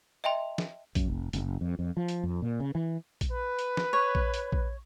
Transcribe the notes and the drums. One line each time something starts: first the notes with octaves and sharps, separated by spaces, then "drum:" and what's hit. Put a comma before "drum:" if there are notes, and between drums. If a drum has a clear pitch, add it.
D#5 E5 G5 A5 C6
drum: snare
F#2, drum: kick A#1, hi-hat
F1
F#1, drum: hi-hat
F2
F2
F3
drum: hi-hat
F2
A#2
C#3
E3
drum: kick A#1, hi-hat
B4
drum: hi-hat
drum: snare
C#5
drum: kick A#1
drum: hi-hat
drum: kick A#1